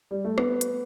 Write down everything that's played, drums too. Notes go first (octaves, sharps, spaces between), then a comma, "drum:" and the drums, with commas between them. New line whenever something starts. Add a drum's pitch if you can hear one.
G3
A3
B3, drum: rim click
drum: hi-hat